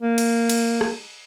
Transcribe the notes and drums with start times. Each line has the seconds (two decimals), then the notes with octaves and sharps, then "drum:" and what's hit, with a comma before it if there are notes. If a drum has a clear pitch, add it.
0.02 A#3
0.18 drum: cymbal
0.49 drum: cymbal
0.81 drum: rim click